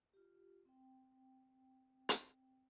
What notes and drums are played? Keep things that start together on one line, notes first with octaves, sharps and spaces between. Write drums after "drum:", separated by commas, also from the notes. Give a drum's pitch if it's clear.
F4 G4
C4 G5
drum: hi-hat